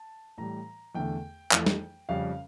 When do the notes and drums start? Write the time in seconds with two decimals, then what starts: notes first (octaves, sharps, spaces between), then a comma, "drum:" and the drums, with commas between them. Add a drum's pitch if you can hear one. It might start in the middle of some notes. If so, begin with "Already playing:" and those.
Already playing: A5
0.38 A2 E3 G3 A#5
0.95 E2 D3 A3 G5
1.52 F2 E3 A3, drum: clap
1.67 drum: snare
2.09 F2 C#3 G3 C#4 F5